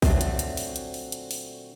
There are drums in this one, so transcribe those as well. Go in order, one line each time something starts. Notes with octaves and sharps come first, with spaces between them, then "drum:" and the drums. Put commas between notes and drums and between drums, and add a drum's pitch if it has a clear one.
A#2 D3 F#3 G3 A3 C4, drum: kick A#1, open hi-hat
drum: hi-hat
drum: hi-hat
drum: open hi-hat
drum: hi-hat
drum: open hi-hat
drum: hi-hat
drum: open hi-hat